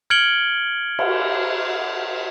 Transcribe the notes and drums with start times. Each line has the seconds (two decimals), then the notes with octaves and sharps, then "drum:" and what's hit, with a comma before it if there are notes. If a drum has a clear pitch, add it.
0.10 F6 G#6 C#7 D7 F#7 G7
0.99 drum: cymbal